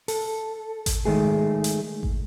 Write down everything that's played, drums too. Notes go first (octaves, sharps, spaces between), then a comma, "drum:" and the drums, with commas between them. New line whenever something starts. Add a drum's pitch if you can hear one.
A4, drum: open hi-hat
drum: kick G#1, hi-hat
D#3 G#3 A3 G#4
drum: hi-hat
drum: kick G#1